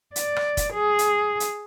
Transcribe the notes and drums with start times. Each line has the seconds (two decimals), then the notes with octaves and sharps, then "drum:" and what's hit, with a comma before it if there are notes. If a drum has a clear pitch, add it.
0.16 D5, drum: hi-hat
0.36 drum: rim click
0.57 drum: kick F1, hi-hat
0.74 G#4
0.99 drum: hi-hat
1.40 drum: hi-hat